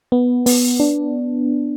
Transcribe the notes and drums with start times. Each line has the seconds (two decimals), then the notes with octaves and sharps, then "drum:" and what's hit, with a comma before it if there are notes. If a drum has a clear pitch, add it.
0.12 B3
0.46 B3, drum: open hi-hat
0.80 D4